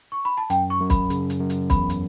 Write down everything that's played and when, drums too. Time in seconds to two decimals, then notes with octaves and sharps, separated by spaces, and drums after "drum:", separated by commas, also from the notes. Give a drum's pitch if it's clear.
0.12 C#6
0.25 B5
0.38 A5
0.50 F#2 G5, drum: hi-hat
0.70 C#6
0.80 F#2
0.90 B5, drum: kick, hi-hat
1.10 C#3, drum: hi-hat
1.30 drum: hi-hat
1.40 F#2
1.50 drum: hi-hat
1.70 E2 B5, drum: kick, hi-hat
1.90 drum: hi-hat